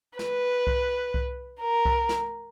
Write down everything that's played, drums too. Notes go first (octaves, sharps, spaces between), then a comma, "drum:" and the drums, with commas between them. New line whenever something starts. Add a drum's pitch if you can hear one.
B4, drum: snare
drum: kick C2
drum: kick C2
A#4
drum: kick C2
drum: snare